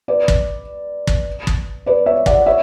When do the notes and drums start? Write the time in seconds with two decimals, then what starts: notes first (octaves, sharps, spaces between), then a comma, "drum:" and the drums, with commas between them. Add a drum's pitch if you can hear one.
0.08 B4 D5
0.28 drum: kick
1.07 drum: kick
1.47 drum: kick
1.86 B4 D5
2.06 C#5 E5
2.26 D5 F#5, drum: kick
2.46 C#5 E5